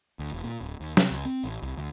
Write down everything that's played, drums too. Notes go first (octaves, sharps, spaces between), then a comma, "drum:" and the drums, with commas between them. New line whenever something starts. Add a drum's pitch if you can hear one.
D2
E1
A#2
D1
D#2
C3, drum: snare
C#2
C4
A1
C2
D2